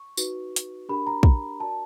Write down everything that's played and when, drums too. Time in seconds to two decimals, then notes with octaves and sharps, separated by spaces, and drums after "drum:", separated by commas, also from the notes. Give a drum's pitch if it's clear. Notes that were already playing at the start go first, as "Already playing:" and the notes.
Already playing: C#6
0.17 D#4 F#4 B4, drum: tambourine
0.56 drum: hi-hat
0.89 D4 G4 A#4 B5
1.07 A#5
1.23 drum: kick
1.60 F#4 A#4 D5 A5